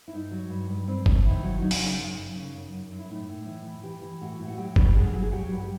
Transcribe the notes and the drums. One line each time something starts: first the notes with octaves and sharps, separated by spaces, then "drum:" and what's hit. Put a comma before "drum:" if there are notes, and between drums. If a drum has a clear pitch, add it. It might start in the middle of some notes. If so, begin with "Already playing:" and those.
E4
G2 D#4
F#3
G2
G2
G2 C4
G2, drum: kick G1
D#3 E4
F#3
F#3 D#4
D4, drum: open hi-hat
C#3 D#4
F#2
F#2
C#3
F#2
F#2
F#2
E4
A2 D#4
A2
E3 E4
E3
E3 G4
E3
A2 F#4
A2
F#4
F#3 G4
G2, drum: kick G1
D3 G#4
F#3
G#4
F#3 G4
G2
G4